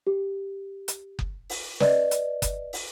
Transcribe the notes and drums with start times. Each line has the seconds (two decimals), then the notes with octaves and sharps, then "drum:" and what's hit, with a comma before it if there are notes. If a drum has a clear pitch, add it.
0.07 G4
0.88 drum: hi-hat
1.19 drum: kick F#1
1.49 drum: open hi-hat
1.80 B4 D5 D#5, drum: snare
2.11 drum: hi-hat
2.42 drum: kick F#1, hi-hat
2.73 drum: open hi-hat